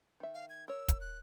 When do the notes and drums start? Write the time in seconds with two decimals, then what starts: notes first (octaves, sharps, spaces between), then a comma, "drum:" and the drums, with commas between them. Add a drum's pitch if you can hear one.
0.20 D#3 E5
0.34 F5
0.50 G#6
0.68 A#4 C#5 E6
0.88 drum: kick, hi-hat
1.01 F#6